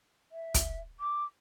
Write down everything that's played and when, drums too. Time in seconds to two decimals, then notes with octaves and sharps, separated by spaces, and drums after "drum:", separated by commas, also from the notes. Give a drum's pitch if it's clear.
0.32 E5
0.54 drum: kick, hi-hat
1.00 D6